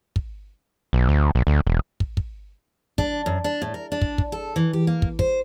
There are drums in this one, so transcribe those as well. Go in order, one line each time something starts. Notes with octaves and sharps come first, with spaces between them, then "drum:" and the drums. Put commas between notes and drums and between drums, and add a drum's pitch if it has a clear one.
drum: kick
B1
D2
B1
D2
E1
drum: kick
drum: kick
D4, drum: kick
F#2
D4
A2
A#4
D4
drum: kick
drum: kick
A4
E3
G4
A#3
drum: kick
C5, drum: kick